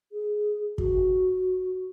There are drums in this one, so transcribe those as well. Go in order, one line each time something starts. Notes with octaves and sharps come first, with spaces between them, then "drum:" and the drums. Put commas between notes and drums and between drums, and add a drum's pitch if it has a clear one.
G#4
F#4, drum: kick